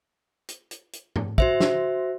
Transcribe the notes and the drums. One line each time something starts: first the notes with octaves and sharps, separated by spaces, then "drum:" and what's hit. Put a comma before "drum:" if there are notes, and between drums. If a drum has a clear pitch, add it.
drum: hi-hat
drum: hi-hat
drum: hi-hat
drum: tom
F#4 C5 E5, drum: kick
drum: snare